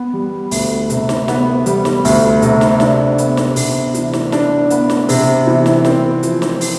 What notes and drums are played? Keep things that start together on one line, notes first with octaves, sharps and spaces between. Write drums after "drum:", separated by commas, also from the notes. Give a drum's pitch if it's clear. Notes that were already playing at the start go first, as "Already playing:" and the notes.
Already playing: B3
G3
D2, drum: open hi-hat
C3, drum: hi-hat
drum: snare
B3, drum: snare
G3, drum: hi-hat
drum: snare
D2, drum: open hi-hat
C3, drum: hi-hat
drum: snare
D4, drum: snare
B3, drum: hi-hat
drum: snare
C3, drum: open hi-hat
E3, drum: hi-hat
drum: snare
D4, drum: snare
B3, drum: hi-hat
drum: snare
C3, drum: open hi-hat
E3
drum: snare
C4, drum: snare
F3, drum: hi-hat
drum: snare
drum: open hi-hat